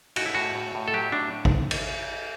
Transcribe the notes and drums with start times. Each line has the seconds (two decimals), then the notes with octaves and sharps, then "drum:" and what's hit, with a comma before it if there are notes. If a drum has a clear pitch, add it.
0.16 A2 F#4, drum: cymbal
0.26 E4
0.35 A2 F#4
0.55 A2
0.75 A2
0.88 A4
0.94 F#3 G4
1.12 A2 D4
1.45 drum: kick A1
1.71 drum: cymbal